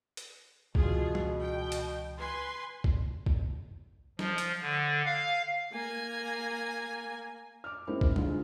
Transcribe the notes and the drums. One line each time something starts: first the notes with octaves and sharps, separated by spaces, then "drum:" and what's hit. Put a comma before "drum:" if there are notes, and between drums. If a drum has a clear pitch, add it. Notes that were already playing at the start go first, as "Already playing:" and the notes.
drum: hi-hat
C#2 B2 E3 F4 G#4, drum: kick
drum: tom
G5
drum: hi-hat
B4 G#5 C6
drum: kick
drum: kick
F3, drum: snare
drum: hi-hat
D3
F5
A#3 G#5
D6 F6
G#3 A#3 C4 C#4 D#4 E4
drum: kick
D3 D#3 G#3 F4, drum: tom